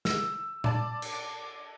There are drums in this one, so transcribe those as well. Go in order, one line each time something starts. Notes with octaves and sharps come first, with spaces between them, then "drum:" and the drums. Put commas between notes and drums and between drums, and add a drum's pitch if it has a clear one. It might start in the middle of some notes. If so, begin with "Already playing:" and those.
E6, drum: snare
D5 A5, drum: tom A#2
drum: cymbal